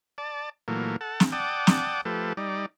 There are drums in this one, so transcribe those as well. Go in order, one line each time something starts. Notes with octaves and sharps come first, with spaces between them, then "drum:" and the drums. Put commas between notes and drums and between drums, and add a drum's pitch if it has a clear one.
D5 A5
A#2 E3 F#3 A3 A#3
A4 F#5 A5
drum: snare
D5 F#5 G5 A5 D6 D#6
drum: snare
F3 A3 G4 A4 B4
G3 D#4 D5